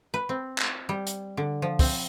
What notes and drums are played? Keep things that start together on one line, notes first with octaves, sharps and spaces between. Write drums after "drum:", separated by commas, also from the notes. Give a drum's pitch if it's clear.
B4
C4
drum: clap
G3
drum: hi-hat
D3
F3
C4, drum: kick, open hi-hat